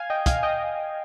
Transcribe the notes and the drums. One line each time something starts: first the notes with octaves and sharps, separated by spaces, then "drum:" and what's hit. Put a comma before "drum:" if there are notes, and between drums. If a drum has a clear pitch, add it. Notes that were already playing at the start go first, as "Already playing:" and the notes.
Already playing: F5 G#5
D#5 G5
F5 G#5, drum: kick, hi-hat
D#5 G5